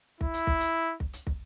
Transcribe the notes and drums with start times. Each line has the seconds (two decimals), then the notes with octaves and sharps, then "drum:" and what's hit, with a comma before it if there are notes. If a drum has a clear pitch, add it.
0.21 E4, drum: kick
0.34 drum: hi-hat
0.47 drum: kick
0.60 drum: hi-hat
1.00 drum: kick
1.13 drum: hi-hat
1.27 drum: kick